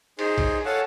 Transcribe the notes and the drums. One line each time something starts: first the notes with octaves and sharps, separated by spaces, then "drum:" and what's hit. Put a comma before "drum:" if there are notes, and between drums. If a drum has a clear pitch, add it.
D#4 G#4 C5, drum: cymbal
drum: kick A#1, cymbal
A4 C#5 F5 F#5 G#5 A5